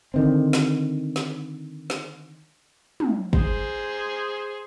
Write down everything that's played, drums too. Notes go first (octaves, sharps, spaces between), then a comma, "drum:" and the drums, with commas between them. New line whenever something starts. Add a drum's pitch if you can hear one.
D3 D#3 C4
drum: snare
drum: snare
drum: snare
drum: tom
G#4 C5, drum: kick